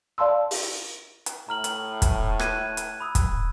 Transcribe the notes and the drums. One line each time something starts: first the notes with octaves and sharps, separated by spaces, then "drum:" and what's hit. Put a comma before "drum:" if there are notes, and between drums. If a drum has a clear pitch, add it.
D5 F5 A5 B5 C6 E6
drum: open hi-hat
drum: hi-hat
A2 A#5 F6 F#7
drum: hi-hat
drum: kick, hi-hat
F#6 G#6 D#7, drum: rim click
drum: hi-hat
B5 D#6 E6
drum: kick, hi-hat